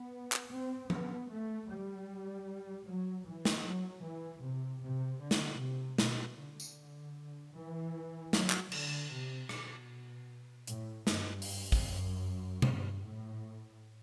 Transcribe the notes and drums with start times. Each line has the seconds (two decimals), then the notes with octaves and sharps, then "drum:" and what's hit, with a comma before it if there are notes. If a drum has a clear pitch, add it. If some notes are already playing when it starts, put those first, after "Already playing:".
Already playing: B3
0.32 drum: clap
0.50 C4
0.90 B3, drum: tom
1.28 A3
1.68 G3
2.85 F#3
3.24 E3
3.45 drum: snare
3.63 F#3
4.02 E3
4.42 C3
4.81 C3
5.20 D3
5.31 drum: snare
5.59 C3
5.98 B2, drum: snare
6.38 D3
6.60 drum: tambourine
7.55 E3
8.33 F#3, drum: snare
8.50 drum: clap
8.72 D3, drum: cymbal
9.10 C3
9.49 B2, drum: rim click
10.67 A2, drum: hi-hat
11.07 G2, drum: snare
11.42 drum: open hi-hat
11.72 drum: kick
11.85 F#2
12.62 G2, drum: tom B2
13.02 A2